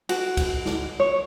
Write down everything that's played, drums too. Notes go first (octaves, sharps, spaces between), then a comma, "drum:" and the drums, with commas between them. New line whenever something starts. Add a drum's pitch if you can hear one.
F#4, drum: cymbal
drum: kick C#2, cymbal
drum: snare
C#5